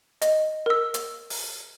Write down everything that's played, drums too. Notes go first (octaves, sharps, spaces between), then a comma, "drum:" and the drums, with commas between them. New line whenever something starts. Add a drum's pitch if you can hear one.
D#5, drum: hi-hat
A#4 E6
drum: hi-hat
drum: open hi-hat